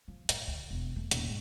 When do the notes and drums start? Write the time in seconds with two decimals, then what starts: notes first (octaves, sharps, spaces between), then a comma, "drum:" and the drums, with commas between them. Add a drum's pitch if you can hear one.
0.08 F3
0.29 A2, drum: hi-hat
0.47 D2
0.70 E1
0.96 A3
1.11 D#1, drum: hi-hat
1.27 G#2